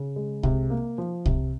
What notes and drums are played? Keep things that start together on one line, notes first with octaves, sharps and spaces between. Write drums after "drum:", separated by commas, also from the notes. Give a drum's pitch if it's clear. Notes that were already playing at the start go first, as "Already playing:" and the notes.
Already playing: C#3
G#3
C3, drum: kick C2
A#3
F3
C3, drum: kick C2